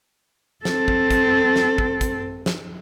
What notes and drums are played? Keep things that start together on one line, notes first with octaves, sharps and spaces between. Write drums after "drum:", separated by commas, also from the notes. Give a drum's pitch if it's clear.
C4 A4, drum: snare
drum: kick
drum: kick, hi-hat
drum: snare
drum: kick
drum: kick, hi-hat
drum: snare